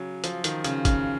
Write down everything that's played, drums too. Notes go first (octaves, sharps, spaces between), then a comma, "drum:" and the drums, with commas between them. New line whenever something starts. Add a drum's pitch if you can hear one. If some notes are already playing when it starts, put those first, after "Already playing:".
Already playing: C#3 F#3
F3, drum: hi-hat
D#3, drum: hi-hat
C#3, drum: hi-hat
C#3, drum: kick, hi-hat